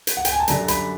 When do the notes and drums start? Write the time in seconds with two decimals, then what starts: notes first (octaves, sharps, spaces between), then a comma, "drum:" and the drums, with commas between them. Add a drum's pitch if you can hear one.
0.07 drum: hi-hat
0.17 F#5
0.25 G5, drum: hi-hat
0.32 G#5
0.40 A5
0.48 F#2 D3 G3 A#5, drum: hi-hat
0.68 B5, drum: hi-hat